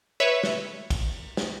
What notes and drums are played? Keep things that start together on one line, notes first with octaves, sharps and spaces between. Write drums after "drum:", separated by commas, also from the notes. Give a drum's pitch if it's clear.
B4 C#5 E5
drum: snare
drum: kick, cymbal
drum: snare